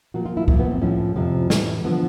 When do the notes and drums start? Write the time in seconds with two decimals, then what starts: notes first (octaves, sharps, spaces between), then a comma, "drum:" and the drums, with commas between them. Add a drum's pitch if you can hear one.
0.14 A#2 F3 F#4
0.26 F4
0.37 E4
0.48 A#2 F3 E4, drum: kick C2
0.60 B3
0.71 C4
0.82 A2 F3 C#4
1.16 F2 C3 F3
1.50 A2 E3, drum: snare
1.84 D3 F3 B3